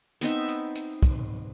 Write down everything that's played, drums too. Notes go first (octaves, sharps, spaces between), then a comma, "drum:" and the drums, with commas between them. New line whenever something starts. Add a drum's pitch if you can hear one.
B3 C4 D#4 E5, drum: hi-hat
drum: hi-hat
drum: hi-hat
drum: kick, hi-hat